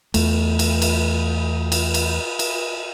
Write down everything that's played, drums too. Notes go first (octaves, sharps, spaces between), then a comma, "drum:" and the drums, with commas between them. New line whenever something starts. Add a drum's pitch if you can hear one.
E2 A3, drum: cymbal
drum: cymbal
drum: cymbal
drum: cymbal
drum: cymbal
drum: cymbal